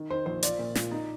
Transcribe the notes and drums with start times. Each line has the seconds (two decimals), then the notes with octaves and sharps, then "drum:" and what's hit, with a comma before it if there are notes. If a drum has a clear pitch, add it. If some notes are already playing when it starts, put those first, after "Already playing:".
Already playing: D#3
0.10 D#3 C5
0.26 A#1 C5
0.43 F4 D5, drum: hi-hat
0.59 A#2
0.75 A#2, drum: snare
0.91 D#4